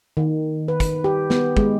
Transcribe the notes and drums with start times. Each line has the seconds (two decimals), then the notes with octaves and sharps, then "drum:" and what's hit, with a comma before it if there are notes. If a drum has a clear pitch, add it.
0.17 D#3
0.68 B4
0.80 drum: kick, hi-hat
1.04 G4
1.30 B3, drum: snare
1.57 G#3, drum: kick